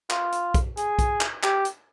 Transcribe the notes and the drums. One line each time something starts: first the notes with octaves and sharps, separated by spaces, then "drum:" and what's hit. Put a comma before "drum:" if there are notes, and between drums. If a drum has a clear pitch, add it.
F4, drum: clap
drum: hi-hat
drum: kick B1, hi-hat
G#4, drum: hi-hat
drum: kick B1, hi-hat
drum: clap
G4, drum: clap
drum: hi-hat